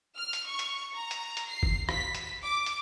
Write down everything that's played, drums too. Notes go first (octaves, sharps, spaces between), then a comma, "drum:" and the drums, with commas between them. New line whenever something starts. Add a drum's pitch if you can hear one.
F6
drum: hi-hat
C#6
drum: hi-hat
A#5
drum: hi-hat
drum: hi-hat
C7
drum: kick
B6, drum: rim click
drum: hi-hat
D6
drum: hi-hat